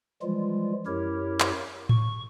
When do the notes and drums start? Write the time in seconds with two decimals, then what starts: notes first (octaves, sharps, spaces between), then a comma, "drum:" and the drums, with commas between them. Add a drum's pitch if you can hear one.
0.22 E3 F3 G3 G#3 F4
0.86 F#2 E4 G4 A#4 C#5
1.40 drum: clap
1.89 C#6, drum: tom A2